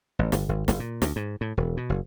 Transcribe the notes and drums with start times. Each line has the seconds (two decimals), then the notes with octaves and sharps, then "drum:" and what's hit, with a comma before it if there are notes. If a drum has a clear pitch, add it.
0.19 A1
0.32 G1, drum: snare
0.49 G#1
0.68 F#1, drum: snare
0.80 A#2
1.02 D2, drum: snare
1.16 G#2
1.41 A2
1.57 E1
1.77 B2
1.90 F#1